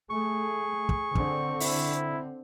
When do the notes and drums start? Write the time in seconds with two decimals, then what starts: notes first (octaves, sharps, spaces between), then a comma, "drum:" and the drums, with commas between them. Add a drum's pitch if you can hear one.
0.10 A3 G#4 C#6
0.89 drum: kick
1.15 D3 C4, drum: kick
1.60 E4, drum: open hi-hat